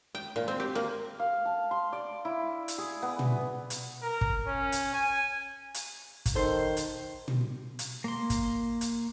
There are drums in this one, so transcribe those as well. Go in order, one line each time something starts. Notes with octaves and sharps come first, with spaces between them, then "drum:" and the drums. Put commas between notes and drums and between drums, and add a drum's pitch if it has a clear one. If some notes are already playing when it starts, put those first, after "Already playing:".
G5
A#2
C4
G4
A#3
F5
A5
C6
D5
E4
drum: hi-hat
G#4
B3
drum: tom
drum: hi-hat
A#4
drum: kick
C#4
drum: hi-hat
G#5
drum: hi-hat
drum: kick, hi-hat
D#3 A4 C5
drum: hi-hat
drum: tom
drum: hi-hat
A#3 C6
drum: kick, hi-hat
drum: hi-hat